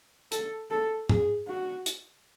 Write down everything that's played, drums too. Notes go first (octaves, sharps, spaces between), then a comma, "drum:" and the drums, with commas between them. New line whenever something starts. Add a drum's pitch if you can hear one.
A4, drum: hi-hat
A4
G#4, drum: tom G#2
F#4
drum: hi-hat